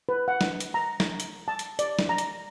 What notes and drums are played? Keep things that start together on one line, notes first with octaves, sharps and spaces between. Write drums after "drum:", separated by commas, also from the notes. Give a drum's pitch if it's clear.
B4
F#5
drum: snare
drum: hi-hat
A#5
drum: snare
drum: hi-hat
A5
drum: hi-hat
D5, drum: hi-hat
drum: snare
A#5
drum: hi-hat